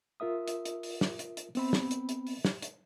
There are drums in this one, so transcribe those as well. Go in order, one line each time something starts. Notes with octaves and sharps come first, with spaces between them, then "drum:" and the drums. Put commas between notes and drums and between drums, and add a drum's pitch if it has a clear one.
F4 A#4 E5 D#6
drum: hi-hat
drum: hi-hat
drum: open hi-hat
drum: snare
drum: hi-hat
drum: hi-hat
B3 C4 B5, drum: open hi-hat
drum: snare
drum: hi-hat
drum: hi-hat
drum: open hi-hat
drum: snare
drum: hi-hat